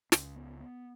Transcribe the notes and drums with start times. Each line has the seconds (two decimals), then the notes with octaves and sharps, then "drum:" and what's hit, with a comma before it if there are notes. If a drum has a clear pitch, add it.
0.12 C#2, drum: snare
0.36 B3
0.60 B3